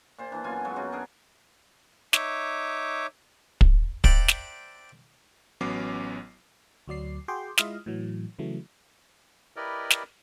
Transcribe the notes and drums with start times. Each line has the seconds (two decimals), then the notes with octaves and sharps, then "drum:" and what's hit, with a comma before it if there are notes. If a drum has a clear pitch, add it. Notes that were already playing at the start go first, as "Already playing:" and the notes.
0.18 A#2 C5
0.32 E3 D4
0.44 F#2 B2 F4 G#5
0.65 F#3 G#3 F4
0.76 F#2 D#4 F#4
0.92 D4 G#4 A#4
2.13 D#4 C#5 E5 D6, drum: snare
3.61 drum: kick
4.04 C5 D5 E5 F#5 G5 A#5, drum: kick
4.28 drum: snare
5.61 A1 F#3 B3 C#4 D6 C7
6.88 D2 F#3 D5 C7
7.28 F#4 G#4 G5 C6 D6
7.58 G#3 E4 F4 D#5 F5, drum: snare
7.86 A2 E3 F#3
8.39 C#3 E3 F#3 A3
9.56 E4 G4 A#4 B4 D5 D#5
9.90 drum: snare